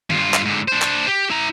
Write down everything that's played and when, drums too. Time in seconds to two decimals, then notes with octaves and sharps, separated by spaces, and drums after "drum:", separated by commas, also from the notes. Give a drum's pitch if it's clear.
0.10 G2 F4, drum: tom D#3
0.34 drum: clap
0.45 G#2 D3
0.68 D4 C5
0.82 drum: clap
1.08 G4
1.30 E4 A#5